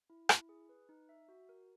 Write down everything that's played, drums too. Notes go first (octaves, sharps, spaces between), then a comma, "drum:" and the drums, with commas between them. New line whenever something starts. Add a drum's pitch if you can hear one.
E4
E4, drum: rim click
G#4
B4
D#4
E5
F#4
A#4